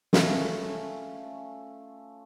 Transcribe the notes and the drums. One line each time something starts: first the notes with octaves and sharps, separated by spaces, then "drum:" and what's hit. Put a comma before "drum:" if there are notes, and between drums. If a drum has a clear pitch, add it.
A3 C#4 F4, drum: snare